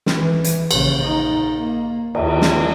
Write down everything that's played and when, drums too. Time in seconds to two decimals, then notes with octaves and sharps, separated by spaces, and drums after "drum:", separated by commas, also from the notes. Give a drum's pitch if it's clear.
0.06 drum: snare
0.16 E3
0.44 drum: hi-hat
0.71 A#1 C#3, drum: cymbal
1.04 D#4
1.57 A#3
2.15 D#2, drum: cymbal
2.41 drum: snare